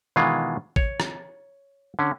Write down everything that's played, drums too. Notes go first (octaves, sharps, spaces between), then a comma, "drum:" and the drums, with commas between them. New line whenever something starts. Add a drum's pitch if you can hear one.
B2 D#3 E3 G#3 F4
C#5, drum: kick A1
drum: rim click
D3 C#4